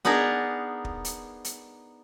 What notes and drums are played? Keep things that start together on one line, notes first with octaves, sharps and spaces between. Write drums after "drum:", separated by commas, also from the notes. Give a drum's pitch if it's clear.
B3 D4 D#4 G#4 A#4
drum: kick
drum: hi-hat
drum: hi-hat